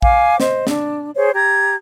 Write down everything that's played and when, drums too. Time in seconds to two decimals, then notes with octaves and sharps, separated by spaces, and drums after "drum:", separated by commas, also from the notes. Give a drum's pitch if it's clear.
0.02 F5 G#5 D6, drum: kick A#1
0.40 C5 D#5, drum: snare
0.67 D4, drum: snare
1.15 G#4 C5 C#5
1.34 G4 A#5 G#6